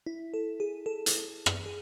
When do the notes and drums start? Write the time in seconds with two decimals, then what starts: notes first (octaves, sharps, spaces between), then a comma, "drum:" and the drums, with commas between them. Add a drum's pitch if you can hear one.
0.06 E4
0.34 A4
0.60 G#4
0.86 A4
1.06 drum: hi-hat
1.46 drum: rim click
1.66 G#4